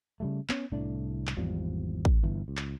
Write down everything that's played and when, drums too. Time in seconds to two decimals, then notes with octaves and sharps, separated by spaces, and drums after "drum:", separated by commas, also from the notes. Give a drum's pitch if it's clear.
0.20 C#3 G3 A3
0.49 B3 C#4, drum: clap
0.72 C2 A2 A3 D4
1.27 drum: clap
1.37 G#1 E2 F3 G3
2.05 drum: kick
2.23 G1 E3
2.48 C#2
2.57 drum: clap